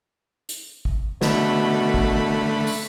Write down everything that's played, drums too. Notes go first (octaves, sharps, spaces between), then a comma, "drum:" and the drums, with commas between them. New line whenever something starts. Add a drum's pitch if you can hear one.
drum: hi-hat
drum: kick
B2 D3 A3 B5, drum: snare
drum: kick
drum: open hi-hat